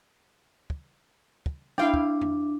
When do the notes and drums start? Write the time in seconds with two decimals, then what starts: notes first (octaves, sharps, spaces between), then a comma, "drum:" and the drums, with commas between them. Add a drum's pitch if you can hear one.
0.70 drum: kick
1.46 drum: kick
1.78 D4 E4 F5 G5, drum: snare
1.94 drum: kick
2.21 drum: tom F2